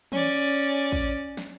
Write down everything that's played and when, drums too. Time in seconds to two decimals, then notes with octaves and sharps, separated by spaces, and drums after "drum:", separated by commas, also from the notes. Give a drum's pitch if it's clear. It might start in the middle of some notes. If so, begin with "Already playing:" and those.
0.12 C#4 D5, drum: tom
0.92 drum: kick
1.37 drum: snare